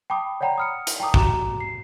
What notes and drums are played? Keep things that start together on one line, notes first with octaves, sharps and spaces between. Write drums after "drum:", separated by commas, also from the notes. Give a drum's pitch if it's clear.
G5 A5 B5 D6 D#6
C#5 D5 F#5 G5 A#5 B5
D#6 F6 C#7
drum: hi-hat
G5 A5 A#5 D6 D#6
F#4 A#5 D6 E7, drum: kick
C7